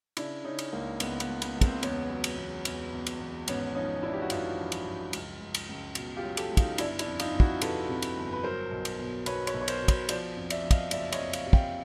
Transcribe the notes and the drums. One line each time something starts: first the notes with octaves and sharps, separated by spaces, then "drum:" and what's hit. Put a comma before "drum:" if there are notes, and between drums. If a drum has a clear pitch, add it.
C#3 D4 E4, drum: cymbal
C#3 C#4 D#4
drum: cymbal
C#2 A#3
C#2 B3, drum: cymbal
B3, drum: cymbal
C#2
B3, drum: cymbal
C#2
A#3 C4, drum: kick, cymbal
E2 B3 C#4, drum: cymbal
F#3
drum: cymbal
E2
E2, drum: cymbal
E2
drum: cymbal
E2
G#1 B3 C#4, drum: cymbal
F3 C#4 D#4
F3 D4 E4
G4
F#4
F#2 D#4 F4, drum: cymbal
F3
drum: cymbal
F#2
C#2, drum: cymbal
C#2
drum: cymbal
C#2
B2, drum: cymbal
F4 G4
F#3
G4 A4, drum: cymbal
C#2
D#4 F4, drum: kick, cymbal
G1 D4 E4, drum: cymbal
D4 E4, drum: cymbal
F2
D#4 F4, drum: cymbal
F2
E4 F#4, drum: kick
C3 A4 B4, drum: cymbal
C3
drum: cymbal
G1
B4
F#3 A#4 C5
B1
drum: cymbal
B2
B1 B4 C#5, drum: cymbal
B4 C#5, drum: cymbal
B1
C#5
A#4 C5, drum: cymbal
B2
B4 C#5, drum: kick, cymbal
F3 C5 D5, drum: cymbal
F2
D5 E5, drum: cymbal
F3
D#5 F5, drum: kick, cymbal
F#1 D5 E5, drum: cymbal
C#5 D#5, drum: cymbal
F2
D#5 F5, drum: cymbal
C3
F5 G5, drum: kick